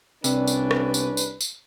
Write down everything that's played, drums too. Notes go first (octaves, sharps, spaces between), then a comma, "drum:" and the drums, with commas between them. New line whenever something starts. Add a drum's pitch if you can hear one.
C2 C3 C#4 D4 B4, drum: tambourine
drum: tambourine
drum: rim click
drum: tambourine
drum: tambourine
drum: tambourine